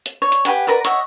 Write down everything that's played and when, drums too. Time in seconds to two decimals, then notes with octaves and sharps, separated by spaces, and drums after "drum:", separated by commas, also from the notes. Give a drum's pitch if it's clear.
0.06 drum: hi-hat
0.22 C#5
0.32 drum: hi-hat
0.45 G4 B4 F#5 G#5, drum: hi-hat
0.67 A#4 B4 D5 F#5
0.85 C#5 D#5 E5 F#5, drum: hi-hat